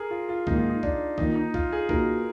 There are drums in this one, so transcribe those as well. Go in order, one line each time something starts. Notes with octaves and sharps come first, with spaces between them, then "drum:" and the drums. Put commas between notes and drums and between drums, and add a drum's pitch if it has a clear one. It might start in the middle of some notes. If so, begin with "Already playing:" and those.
Already playing: G#4 A#4
F4
F4
G#2 D#3 A#3 D#4, drum: kick
F4
D#4
D4, drum: kick
D#3 A#3 D#4 F4, drum: kick
D#4
F4, drum: kick
G#4
B2 A#3 D#4 F#4 A#4, drum: kick